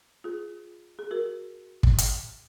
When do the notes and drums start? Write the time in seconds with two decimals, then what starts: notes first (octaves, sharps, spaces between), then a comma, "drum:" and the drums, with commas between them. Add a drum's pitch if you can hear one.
0.24 F4 G#4
0.99 G#4
1.11 F#4 A#4
1.83 drum: kick
1.98 drum: hi-hat